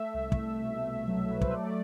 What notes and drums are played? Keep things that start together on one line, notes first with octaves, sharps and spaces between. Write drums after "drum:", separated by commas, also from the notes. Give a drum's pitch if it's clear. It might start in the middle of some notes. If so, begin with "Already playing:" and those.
Already playing: A3 E5
C2
drum: kick
B2
F#3
B4
C5, drum: kick
A3 D5